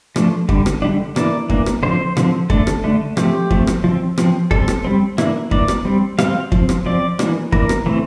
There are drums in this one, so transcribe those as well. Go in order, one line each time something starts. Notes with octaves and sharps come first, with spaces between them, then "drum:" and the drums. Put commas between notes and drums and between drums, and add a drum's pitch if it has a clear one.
F3 A3 D4, drum: rim click
D3 G3 D4, drum: kick F2
drum: rim click
D3 G3 D4
E3 A#3 D4 D5, drum: rim click
E3 A#3 D4, drum: kick F2
drum: rim click
D3 F3 C4 C5
D3 F3 C4, drum: rim click
D3 A3 D4 A4, drum: kick F2
drum: rim click
D3 A3 D4
F3 A3 C4 G4, drum: rim click
F3 A3 C4, drum: kick F2
drum: rim click
F3 C4
F3 C4, drum: rim click
G3 C4 A4, drum: kick F2
drum: rim click
G3 C4
E3 A#3 D4 E4, drum: rim click
E3 A#3 D4 D5, drum: kick F2
drum: rim click
G3 C4
G3 C4 F5, drum: rim click
F3 C4, drum: kick F2
drum: rim click
F3 C4 D5
E3 A#3 D4, drum: rim click
E3 A#3 D4 A#4, drum: kick F2
drum: rim click
E3 A3 C4